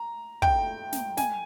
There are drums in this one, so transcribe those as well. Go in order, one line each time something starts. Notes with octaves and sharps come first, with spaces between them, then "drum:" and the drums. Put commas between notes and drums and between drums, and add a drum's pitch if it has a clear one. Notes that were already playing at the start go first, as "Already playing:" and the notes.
Already playing: A#5
G5, drum: kick
drum: snare
G#5, drum: snare